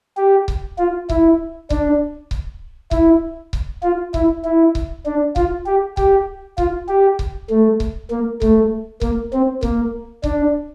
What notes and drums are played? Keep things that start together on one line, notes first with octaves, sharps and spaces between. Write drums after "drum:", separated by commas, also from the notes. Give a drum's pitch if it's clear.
G4
drum: kick C#1
F4
E4, drum: kick C#1
D4, drum: kick C#1
drum: kick C#1
E4, drum: kick C#1
drum: kick C#1
F4
E4, drum: kick C#1
E4
drum: kick C#1
D4
F4, drum: kick C#1
G4
G4, drum: kick C#1
F4, drum: kick C#1
G4
drum: kick C#1
A3
drum: kick C#1
A#3
A3, drum: kick C#1
A#3, drum: kick C#1
C4
A#3, drum: kick C#1
D4, drum: kick C#1